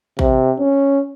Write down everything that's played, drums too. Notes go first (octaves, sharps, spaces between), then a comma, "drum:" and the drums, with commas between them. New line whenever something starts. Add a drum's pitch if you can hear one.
C3, drum: kick A1
C#4